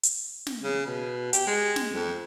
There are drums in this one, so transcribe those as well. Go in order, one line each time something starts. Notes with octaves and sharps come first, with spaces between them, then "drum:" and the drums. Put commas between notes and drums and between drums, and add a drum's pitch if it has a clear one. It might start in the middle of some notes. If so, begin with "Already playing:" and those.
drum: hi-hat
drum: snare
C#3
B2
G4, drum: hi-hat
G#3
drum: snare
F2